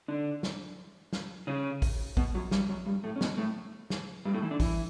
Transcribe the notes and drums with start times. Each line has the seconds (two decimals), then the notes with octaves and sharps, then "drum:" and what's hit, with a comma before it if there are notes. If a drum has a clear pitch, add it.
0.08 D3 D4
0.43 drum: snare
1.13 drum: snare
1.47 C#3 C#4
1.82 drum: kick A1, open hi-hat
2.17 B2 B3, drum: kick A1
2.34 F#2 F#3
2.51 G2 G3, drum: snare
2.69 F#2 F#3
2.86 G2 G3
3.04 A2 A3
3.16 C#4
3.21 B2 B3, drum: snare
3.38 A2 A3
3.90 drum: snare
4.25 G2 G3
4.34 A2 A3
4.42 E3 E4
4.51 D3 D4
4.60 E3 E4, drum: kick A1, open hi-hat